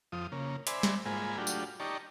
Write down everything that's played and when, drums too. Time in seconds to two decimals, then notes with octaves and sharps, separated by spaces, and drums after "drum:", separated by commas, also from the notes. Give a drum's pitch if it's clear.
0.12 F2 F3 D#6
0.32 C#3 A#3
0.67 C5 D5 E5 G#5 B5, drum: hi-hat
0.83 drum: snare
1.05 G#2 G#3 A#3 F4 G#5 B5
1.38 F#3 A3 D4 F4 G4
1.47 drum: tambourine
1.80 D#4 G4 D5 A5 A#5 C#6